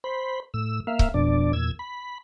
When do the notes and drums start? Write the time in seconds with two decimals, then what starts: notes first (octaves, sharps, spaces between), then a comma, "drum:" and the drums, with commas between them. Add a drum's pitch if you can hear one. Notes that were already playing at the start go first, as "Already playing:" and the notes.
0.04 C5 B5
0.54 A2 E6
0.87 A#3 E5 F5
0.99 drum: kick C#1
1.14 F2 B2 D4 D5
1.53 E2 A#2 E6 G#6
1.79 B5